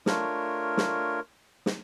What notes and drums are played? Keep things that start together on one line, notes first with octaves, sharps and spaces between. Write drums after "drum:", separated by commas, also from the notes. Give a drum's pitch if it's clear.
A3 D4 F4 A#4 C#5, drum: snare
drum: snare
drum: snare